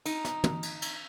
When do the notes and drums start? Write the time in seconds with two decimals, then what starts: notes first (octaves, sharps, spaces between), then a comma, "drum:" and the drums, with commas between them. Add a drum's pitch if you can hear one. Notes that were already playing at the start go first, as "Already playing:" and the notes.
0.05 D#4, drum: cymbal
0.25 drum: snare
0.44 drum: tom
0.63 drum: cymbal
0.82 drum: cymbal